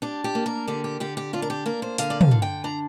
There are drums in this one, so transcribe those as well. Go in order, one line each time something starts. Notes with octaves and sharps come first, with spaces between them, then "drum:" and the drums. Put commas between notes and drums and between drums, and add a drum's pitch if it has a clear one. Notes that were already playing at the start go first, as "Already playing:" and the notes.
D4 G4
G4
A#3
A#4
D3 G4
G4
D3 G4
G4
D4 F4
A#4
G4
A#3 A#4
C5
D3 F5, drum: hi-hat
D5
F5, drum: tom
D3
G5
D4 A#5